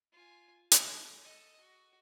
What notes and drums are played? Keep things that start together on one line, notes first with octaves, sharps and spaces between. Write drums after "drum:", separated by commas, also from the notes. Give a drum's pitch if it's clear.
F4 G#5
G#3, drum: hi-hat
A4 D#5
F#4